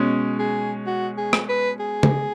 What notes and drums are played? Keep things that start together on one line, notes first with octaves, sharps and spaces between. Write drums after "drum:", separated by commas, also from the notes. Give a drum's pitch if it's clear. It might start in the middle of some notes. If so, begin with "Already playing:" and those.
Already playing: B2 G#3 C#4
G#4
F#4
G#4
drum: rim click
B4
G#4
drum: tom C#3